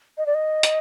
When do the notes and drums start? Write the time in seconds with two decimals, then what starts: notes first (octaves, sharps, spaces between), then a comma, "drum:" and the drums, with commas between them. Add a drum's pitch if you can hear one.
0.18 D#5
0.26 D5
0.35 D#5
0.63 drum: hi-hat